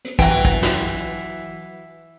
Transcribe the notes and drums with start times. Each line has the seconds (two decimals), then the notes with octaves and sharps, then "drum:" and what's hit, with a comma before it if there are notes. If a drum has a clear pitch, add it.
0.04 drum: hi-hat
0.19 E3 F#3 F#5 G5, drum: kick
0.45 drum: kick
0.62 drum: snare